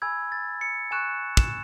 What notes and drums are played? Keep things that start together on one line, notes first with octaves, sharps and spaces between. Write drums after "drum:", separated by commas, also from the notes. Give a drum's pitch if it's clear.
G#5 B5 E6 G#6
A6
C#7
G#5 C#6 F#6 E7
E7, drum: kick